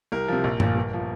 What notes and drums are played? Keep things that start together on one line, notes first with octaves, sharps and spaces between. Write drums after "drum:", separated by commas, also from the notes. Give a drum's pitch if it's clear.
C2 A#4
C3 F3
A#1
A#2 F3, drum: tom G2
G1
F3